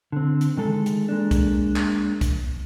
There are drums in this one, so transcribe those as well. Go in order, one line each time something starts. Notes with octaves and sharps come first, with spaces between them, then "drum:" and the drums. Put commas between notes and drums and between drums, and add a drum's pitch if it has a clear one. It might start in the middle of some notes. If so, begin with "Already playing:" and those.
D3 C4
drum: hi-hat
D#3 G#3 A4
drum: hi-hat
G#3 A#3 D4
drum: kick C2, hi-hat
drum: clap
drum: kick C2, hi-hat